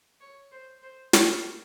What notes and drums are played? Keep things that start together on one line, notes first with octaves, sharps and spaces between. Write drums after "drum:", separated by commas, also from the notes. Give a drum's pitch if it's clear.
C#5
C5
C5
A#4, drum: snare